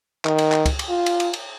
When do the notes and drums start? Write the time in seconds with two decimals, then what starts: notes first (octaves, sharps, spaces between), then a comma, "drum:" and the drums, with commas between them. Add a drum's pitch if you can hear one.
0.25 D#3, drum: clap
0.38 drum: cymbal
0.52 drum: clap
0.66 drum: kick, cymbal
0.79 drum: cymbal
0.89 F4
1.06 drum: cymbal
1.20 drum: cymbal
1.33 drum: cymbal